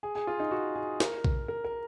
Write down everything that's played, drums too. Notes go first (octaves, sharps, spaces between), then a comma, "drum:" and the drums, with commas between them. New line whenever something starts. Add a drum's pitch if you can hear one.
G#4
G#4
F4
D#4
F#4
G#4
A#4, drum: snare
drum: kick B1
A#4
A#4